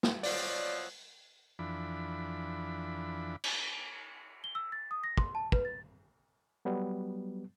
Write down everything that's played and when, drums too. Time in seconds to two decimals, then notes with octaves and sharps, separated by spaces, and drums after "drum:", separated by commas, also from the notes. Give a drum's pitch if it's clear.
0.03 drum: snare
0.23 B2 F3 F#3 D5, drum: open hi-hat
1.59 F2 E3 D4 B5
3.44 drum: cymbal
4.44 G7
4.55 E6
4.72 A6
4.91 D#6
5.04 A#6
5.17 C6, drum: kick
5.35 A5
5.52 B4, drum: kick
5.65 A6
6.65 F#3 G3 B3